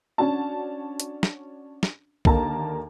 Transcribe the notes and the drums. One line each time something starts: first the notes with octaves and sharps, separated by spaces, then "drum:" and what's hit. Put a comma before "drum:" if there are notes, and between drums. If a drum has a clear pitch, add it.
C#4 D4 F#4 A5
drum: hi-hat
drum: snare
drum: snare
D#2 D3 A#3 A5 A#5, drum: kick B1